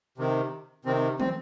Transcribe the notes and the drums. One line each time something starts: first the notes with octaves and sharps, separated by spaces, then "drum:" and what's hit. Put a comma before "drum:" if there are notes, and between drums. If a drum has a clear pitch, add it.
C3 D#3
C3 D#3 C4
C4, drum: tom